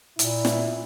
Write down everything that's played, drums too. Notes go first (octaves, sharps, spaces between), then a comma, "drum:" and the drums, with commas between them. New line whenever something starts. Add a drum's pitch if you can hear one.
A#2 E4, drum: hi-hat
drum: snare